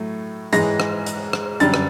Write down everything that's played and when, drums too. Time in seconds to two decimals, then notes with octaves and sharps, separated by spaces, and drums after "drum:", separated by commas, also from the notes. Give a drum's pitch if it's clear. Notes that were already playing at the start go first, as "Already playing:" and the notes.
Already playing: A2 F#3 A3
0.53 G#2 E3 G#3 A#6, drum: hi-hat
0.80 drum: rim click
1.06 drum: hi-hat
1.33 drum: rim click
1.60 F#2 D3 G3 A6, drum: hi-hat
1.74 drum: rim click